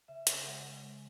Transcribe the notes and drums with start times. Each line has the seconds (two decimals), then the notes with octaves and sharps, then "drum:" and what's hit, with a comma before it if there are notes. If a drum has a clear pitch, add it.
0.08 C#3 E5
0.27 C#3, drum: hi-hat
0.46 G#3 F#5
0.64 C#3
0.83 G#3